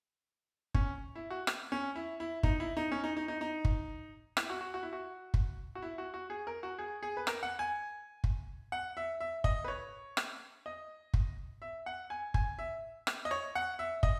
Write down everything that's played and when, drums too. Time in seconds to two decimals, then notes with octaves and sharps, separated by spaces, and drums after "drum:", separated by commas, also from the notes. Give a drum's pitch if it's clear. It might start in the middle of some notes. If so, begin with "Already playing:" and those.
0.74 C#4, drum: kick
1.15 E4
1.30 F#4
1.47 drum: rim click
1.72 C#4
1.96 E4
2.20 E4
2.43 D#4, drum: kick
2.60 E4
2.77 D#4
2.92 C#4
3.04 D#4
3.17 D#4
3.28 D#4
3.41 D#4
3.65 drum: kick
4.37 E4, drum: rim click
4.50 F#4
4.61 F#4
4.74 F#4
4.83 E4
4.93 F#4
5.34 drum: kick
5.75 F#4
5.82 E4
5.98 F#4
6.14 F#4
6.30 G#4
6.47 A#4
6.63 F#4
6.79 G#4
7.03 G#4
7.17 B4
7.27 A#4, drum: rim click
7.43 F#5
7.59 G#5
8.24 drum: kick
8.72 F#5
8.97 E5
9.20 E5
9.44 D#5, drum: kick
9.64 B4
9.68 C#5
10.17 drum: rim click
10.66 D#5
11.14 drum: kick
11.62 E5
11.86 F#5
12.10 G#5
12.34 G#5, drum: kick
12.59 E5
13.07 drum: rim click
13.25 D#5
13.31 C#5
13.55 F#5
13.79 E5
14.03 D#5, drum: kick